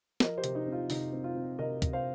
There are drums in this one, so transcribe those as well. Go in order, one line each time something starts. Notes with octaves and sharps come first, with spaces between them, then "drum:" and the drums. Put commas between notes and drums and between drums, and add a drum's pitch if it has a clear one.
F3 A#4 D#5, drum: snare
G4 C5
C3, drum: hi-hat
D#4
C4
F4
C3 D#4, drum: open hi-hat
C4
F4
C4
C3 A#4 D#5
C3, drum: kick, hi-hat
C5 F5